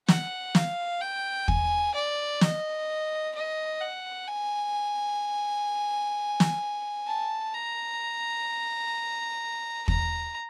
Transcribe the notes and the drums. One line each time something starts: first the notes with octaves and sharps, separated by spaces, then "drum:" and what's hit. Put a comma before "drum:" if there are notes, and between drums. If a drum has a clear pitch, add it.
F#5, drum: snare
F5, drum: snare
G5
G#5, drum: kick
D5
D#5, drum: snare
D#5
F#5
G#5
drum: snare
A5
A#5
A#5, drum: kick